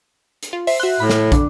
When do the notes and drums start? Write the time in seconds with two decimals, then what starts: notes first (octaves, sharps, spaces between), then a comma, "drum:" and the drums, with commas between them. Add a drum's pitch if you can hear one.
0.43 drum: hi-hat
0.53 F4
0.67 C5 E5, drum: open hi-hat
0.80 F#4 E5 C6 F#6
1.00 A2 B5
1.10 drum: snare
1.32 D3 D4, drum: kick, hi-hat